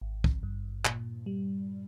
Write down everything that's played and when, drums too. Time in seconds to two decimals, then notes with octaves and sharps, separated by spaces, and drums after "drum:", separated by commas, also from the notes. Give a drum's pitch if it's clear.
0.01 G#1
0.24 drum: kick C2
0.43 G2
0.85 A#2, drum: clap
1.26 G3